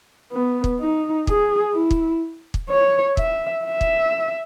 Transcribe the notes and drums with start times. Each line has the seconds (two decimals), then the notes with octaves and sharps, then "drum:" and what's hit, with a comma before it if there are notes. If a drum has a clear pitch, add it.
0.32 B3
0.64 drum: kick
0.80 D#4
1.27 G#4, drum: kick
1.74 E4
1.91 drum: kick
2.54 drum: kick
2.70 C#5
3.17 E5, drum: kick
3.65 E5
3.81 drum: kick